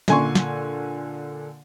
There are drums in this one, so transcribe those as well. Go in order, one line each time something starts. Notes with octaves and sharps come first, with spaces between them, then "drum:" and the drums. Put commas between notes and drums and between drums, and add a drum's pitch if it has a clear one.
A#2 D3 G#5 C6 C#6, drum: snare
drum: snare